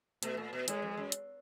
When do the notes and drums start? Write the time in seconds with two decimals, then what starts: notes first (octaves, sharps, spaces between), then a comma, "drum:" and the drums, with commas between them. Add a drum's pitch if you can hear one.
0.23 B2 A3, drum: hi-hat
0.37 A#2
0.53 B2
0.68 A2 G#3, drum: hi-hat
0.82 F2
0.97 F#2
1.12 drum: hi-hat